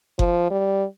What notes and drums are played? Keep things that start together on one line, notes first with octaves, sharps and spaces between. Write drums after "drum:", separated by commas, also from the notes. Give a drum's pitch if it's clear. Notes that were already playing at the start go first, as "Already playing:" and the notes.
F3, drum: kick F#1
G3